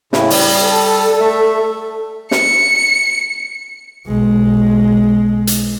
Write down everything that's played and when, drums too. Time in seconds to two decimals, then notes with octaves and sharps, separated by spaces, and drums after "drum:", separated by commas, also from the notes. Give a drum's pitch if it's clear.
0.13 A2 C#3 E4, drum: snare
0.30 G3, drum: open hi-hat
0.62 A4
1.20 A3 E5
2.31 C#7, drum: snare
4.06 B1 G#3
5.47 drum: hi-hat